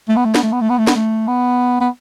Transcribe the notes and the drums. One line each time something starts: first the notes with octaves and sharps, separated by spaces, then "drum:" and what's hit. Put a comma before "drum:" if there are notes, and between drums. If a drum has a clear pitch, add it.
A3
B3
A3
B3, drum: snare
A3
B3
A3
B3
A3
B3, drum: snare
A3
B3
B3